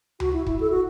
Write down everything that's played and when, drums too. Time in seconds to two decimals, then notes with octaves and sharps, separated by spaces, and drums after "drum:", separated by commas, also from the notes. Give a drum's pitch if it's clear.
0.20 F#4, drum: tom C#2
0.33 E4
0.47 E4, drum: kick
0.60 A4
0.70 F#4